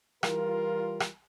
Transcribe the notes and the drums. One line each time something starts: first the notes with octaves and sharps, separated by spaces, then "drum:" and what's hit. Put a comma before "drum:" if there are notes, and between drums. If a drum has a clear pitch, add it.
E3 G3 F4 A#4, drum: rim click
drum: rim click